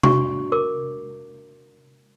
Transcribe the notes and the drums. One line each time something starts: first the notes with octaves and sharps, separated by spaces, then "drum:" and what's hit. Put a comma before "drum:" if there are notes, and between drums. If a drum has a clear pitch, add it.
D4 F#4 C#6, drum: tom C3
A#4 D6